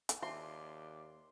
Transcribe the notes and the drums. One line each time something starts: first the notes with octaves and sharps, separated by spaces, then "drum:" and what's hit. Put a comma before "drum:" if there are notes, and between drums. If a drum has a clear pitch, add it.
drum: hi-hat
D#2 D5 E5 A5 C6